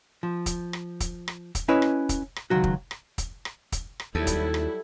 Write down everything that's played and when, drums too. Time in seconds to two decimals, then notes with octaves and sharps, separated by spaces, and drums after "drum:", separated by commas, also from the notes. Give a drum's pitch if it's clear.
0.23 F3
0.46 drum: kick, hi-hat
0.73 drum: rim click
1.00 drum: kick, hi-hat
1.28 drum: rim click
1.55 drum: kick, hi-hat
1.68 C#4 E4 B4 C#5 D#5
1.82 drum: rim click
2.09 drum: kick, hi-hat
2.36 drum: rim click
2.50 C#2 D#3 F#3 F#4
2.64 drum: kick
2.91 drum: rim click
3.18 drum: kick, hi-hat
3.45 drum: rim click
3.72 drum: kick, hi-hat
4.00 drum: rim click
4.15 D#2 F#3 G3 E4 A4
4.27 drum: kick, hi-hat
4.54 drum: rim click